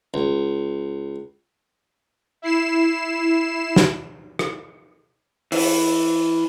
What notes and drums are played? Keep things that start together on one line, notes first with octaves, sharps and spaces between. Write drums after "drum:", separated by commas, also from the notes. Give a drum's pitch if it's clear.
C#2
E4 C7 E7
drum: snare
drum: rim click
E3, drum: open hi-hat